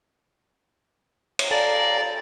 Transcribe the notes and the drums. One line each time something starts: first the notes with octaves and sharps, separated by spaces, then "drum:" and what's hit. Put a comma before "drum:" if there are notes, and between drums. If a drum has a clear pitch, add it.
drum: cymbal
A4 D5 F5 A#5